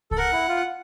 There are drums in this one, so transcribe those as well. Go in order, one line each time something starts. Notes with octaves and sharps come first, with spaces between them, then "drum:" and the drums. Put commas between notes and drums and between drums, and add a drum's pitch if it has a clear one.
A4, drum: kick C2
A#4 F#5
E4
F4